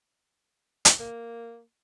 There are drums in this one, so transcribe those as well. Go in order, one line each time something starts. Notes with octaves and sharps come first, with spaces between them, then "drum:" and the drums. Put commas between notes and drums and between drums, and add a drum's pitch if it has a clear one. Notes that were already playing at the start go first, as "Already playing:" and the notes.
drum: hi-hat
A#3